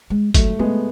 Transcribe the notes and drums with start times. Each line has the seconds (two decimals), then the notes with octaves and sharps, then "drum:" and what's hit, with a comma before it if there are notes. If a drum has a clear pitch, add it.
0.10 G#3
0.34 F#3 A3, drum: kick, hi-hat
0.59 G#3 A3 B3